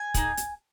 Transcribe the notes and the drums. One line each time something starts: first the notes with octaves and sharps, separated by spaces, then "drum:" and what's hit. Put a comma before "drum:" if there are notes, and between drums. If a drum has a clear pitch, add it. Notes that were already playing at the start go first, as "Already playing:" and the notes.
Already playing: G#5
A#3 D#4 G#4, drum: kick, hi-hat
drum: hi-hat